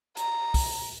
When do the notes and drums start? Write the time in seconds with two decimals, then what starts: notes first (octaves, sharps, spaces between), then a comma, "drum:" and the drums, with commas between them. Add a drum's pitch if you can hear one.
0.17 A#5, drum: hi-hat
0.54 drum: kick, open hi-hat